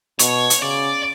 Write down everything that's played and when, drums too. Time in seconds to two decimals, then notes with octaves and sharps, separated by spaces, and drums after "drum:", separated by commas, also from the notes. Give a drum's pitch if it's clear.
0.19 B2 C#5, drum: hi-hat
0.50 drum: hi-hat
0.62 C#3 D5